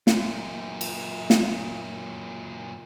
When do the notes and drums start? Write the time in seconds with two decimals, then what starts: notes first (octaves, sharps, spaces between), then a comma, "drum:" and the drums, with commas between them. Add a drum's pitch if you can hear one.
0.07 F#2 A#2, drum: snare
0.81 drum: cymbal
1.30 drum: snare